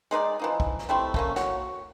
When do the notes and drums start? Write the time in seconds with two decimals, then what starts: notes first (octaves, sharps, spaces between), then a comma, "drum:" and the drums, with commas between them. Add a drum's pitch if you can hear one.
0.11 G#3 D#4 B4 D5
0.40 E3 F3 D#4
0.60 drum: kick
0.79 drum: snare
0.89 G3 A3 C4 E4
1.14 A3 A#3 C#4, drum: kick
1.36 F#4 C#5 F#5, drum: snare